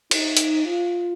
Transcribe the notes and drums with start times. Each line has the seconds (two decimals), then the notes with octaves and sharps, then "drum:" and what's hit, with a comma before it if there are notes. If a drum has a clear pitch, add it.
0.11 D#4, drum: cymbal
0.37 drum: hi-hat
0.66 F4